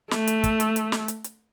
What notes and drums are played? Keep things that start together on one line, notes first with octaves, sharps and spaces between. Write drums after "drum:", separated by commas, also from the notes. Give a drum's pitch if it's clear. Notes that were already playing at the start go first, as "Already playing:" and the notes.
A3, drum: snare
drum: hi-hat
drum: kick, hi-hat
drum: hi-hat
drum: hi-hat
drum: snare
drum: hi-hat
drum: hi-hat